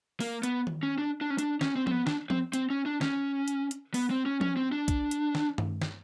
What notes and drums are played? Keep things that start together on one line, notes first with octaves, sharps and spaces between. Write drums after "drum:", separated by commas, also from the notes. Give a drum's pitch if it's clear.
A#3, drum: open hi-hat
B3, drum: hi-hat
drum: tom D#3
C#4
D4
D4
C#4
D4, drum: hi-hat
C#4, drum: snare
C4
C4, drum: tom F3
B3
D4, drum: snare
C4, drum: tom F3
C4, drum: hi-hat
C#4
D4
C#4, drum: snare
drum: hi-hat
drum: hi-hat
B3, drum: open hi-hat
C4
C#4
C#4, drum: tom F3
C4
D4
drum: kick, hi-hat
drum: hi-hat
drum: snare
drum: tom G2
drum: snare